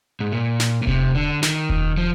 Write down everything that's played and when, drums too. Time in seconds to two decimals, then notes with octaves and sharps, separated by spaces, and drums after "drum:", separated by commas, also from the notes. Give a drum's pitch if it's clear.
0.20 G#2
0.32 A#2
0.60 drum: snare
0.82 A#2
0.87 C3, drum: kick E1
1.15 D3
1.43 D#3, drum: snare
1.70 drum: kick E1
1.97 F3